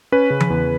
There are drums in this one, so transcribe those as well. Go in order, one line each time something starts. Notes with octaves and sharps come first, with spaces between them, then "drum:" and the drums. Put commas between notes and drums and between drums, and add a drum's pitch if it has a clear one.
C#4 B4
C#3
drum: tom E3
E2